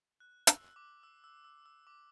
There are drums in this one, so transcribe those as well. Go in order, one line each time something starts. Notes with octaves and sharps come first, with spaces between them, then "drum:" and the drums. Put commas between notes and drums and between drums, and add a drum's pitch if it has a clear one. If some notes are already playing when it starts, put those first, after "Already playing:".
F#6
E6, drum: hi-hat
D6
E6
E6
E6
E6
D6